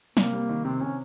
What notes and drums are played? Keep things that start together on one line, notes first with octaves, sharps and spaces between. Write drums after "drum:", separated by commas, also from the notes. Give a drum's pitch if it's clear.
C3 A#3, drum: snare
G3
D#3
C3 C4
C3 C#4